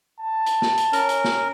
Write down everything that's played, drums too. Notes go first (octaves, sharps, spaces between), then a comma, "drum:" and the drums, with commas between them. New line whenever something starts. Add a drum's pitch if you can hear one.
A5
drum: hi-hat
drum: snare
drum: hi-hat
C#4 A#4, drum: hi-hat
drum: hi-hat
drum: snare